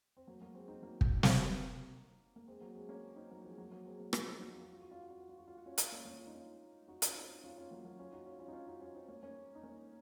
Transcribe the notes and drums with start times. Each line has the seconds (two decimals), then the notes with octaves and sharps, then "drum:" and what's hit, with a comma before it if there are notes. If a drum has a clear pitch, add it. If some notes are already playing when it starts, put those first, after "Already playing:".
0.17 C4
0.27 F#3 A#3
0.41 F#3 A#3
0.55 G#3 C4
0.68 C4 D#4
0.82 F#3 A#3
1.01 drum: kick
1.23 drum: snare
2.36 A#3
2.48 G#3 C4
2.61 F#3 A#3
2.75 G#3 C4
2.89 A#3 C#4
3.16 C4 D#4
3.30 F#3 A#3
3.44 F3 G#3
3.58 F#3 A#3
3.71 F#3 A#3
3.85 G#3 C4
3.99 F#3 A#3
4.13 F3 G#3, drum: rim click
4.26 C4 D#4
4.40 D#4 F#4
4.54 F4
4.63 F#4
4.73 F4
4.82 F#4
4.91 F4
5.01 F#4
5.11 F4
5.20 F#4
5.29 F4
5.38 F#4
5.48 F4
5.57 F#4
5.66 C#4 F4
5.78 C#4 F4, drum: hi-hat
5.92 A#3 C#4
6.05 A#3 C#4
6.19 F4
6.27 D#4
6.34 C#4 F4
6.88 D#4 F#4
7.02 C#4 F4, drum: hi-hat
7.15 C4 D#4
7.44 C#4 F4
7.57 C#4 F4
7.71 F#3 A#3
7.85 F#3 A#3
7.99 C#4 F4
8.12 D#4 F#4
8.26 C#4 F4
8.39 C#4 F4
8.48 D#4
8.53 C#4 F4
8.67 D#4 F#4
8.81 C#4 F4
8.94 C4 D#4
9.08 A#3 C#4
9.22 A#3 C#4
9.55 D#4
9.63 A#3 C#4